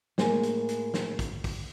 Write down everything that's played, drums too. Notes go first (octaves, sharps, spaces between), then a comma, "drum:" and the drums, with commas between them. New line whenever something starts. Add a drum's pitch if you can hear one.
A2 G#3 A#3 G#5, drum: snare
drum: hi-hat
drum: hi-hat
drum: snare
drum: kick, hi-hat
drum: kick, open hi-hat